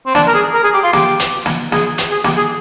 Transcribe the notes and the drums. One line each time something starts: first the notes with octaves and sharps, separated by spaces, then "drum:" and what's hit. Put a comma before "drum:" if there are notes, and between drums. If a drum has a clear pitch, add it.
C4
D4, drum: snare
A#4
G#4
A#4
G#4
G4
F4
G4, drum: snare
drum: hi-hat
drum: snare
G#4, drum: snare
drum: hi-hat
G#4
G4, drum: snare
G#4